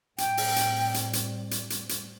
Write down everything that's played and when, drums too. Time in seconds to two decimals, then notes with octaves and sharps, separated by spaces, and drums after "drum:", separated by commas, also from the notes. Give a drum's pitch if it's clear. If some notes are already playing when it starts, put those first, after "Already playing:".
0.18 A2 G3 C4 G5, drum: hi-hat
0.37 drum: open hi-hat
0.56 drum: hi-hat
0.94 drum: hi-hat
1.13 drum: hi-hat
1.51 drum: hi-hat
1.70 drum: hi-hat
1.89 drum: hi-hat